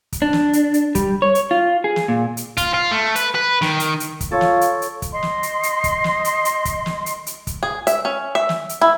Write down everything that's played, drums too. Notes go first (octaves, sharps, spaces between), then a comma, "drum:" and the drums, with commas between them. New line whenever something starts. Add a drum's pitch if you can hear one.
drum: kick, hi-hat
D4
drum: snare
drum: hi-hat
drum: hi-hat
G3, drum: kick, hi-hat
C#5
drum: hi-hat
F4
G#4
drum: snare
A#2
drum: hi-hat
F4, drum: kick, hi-hat
F4
A3
B4, drum: hi-hat
B4
D#3, drum: snare
drum: hi-hat
drum: hi-hat
drum: kick, hi-hat
F4 A4 C#5
drum: snare
drum: hi-hat
drum: hi-hat
drum: kick, hi-hat
D#5 C6
drum: snare
drum: hi-hat
drum: hi-hat
drum: kick, hi-hat
drum: snare
drum: hi-hat
drum: hi-hat
drum: kick, hi-hat
drum: snare
drum: hi-hat
drum: hi-hat
drum: kick, hi-hat
G#4
E5, drum: hi-hat
C#4
E5
drum: snare
drum: hi-hat
E4